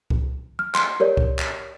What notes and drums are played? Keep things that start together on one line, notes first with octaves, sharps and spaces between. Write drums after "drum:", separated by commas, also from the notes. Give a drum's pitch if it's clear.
drum: kick C2
F6
C6, drum: clap
G4 A#4 C#5 D5
drum: kick C2
drum: clap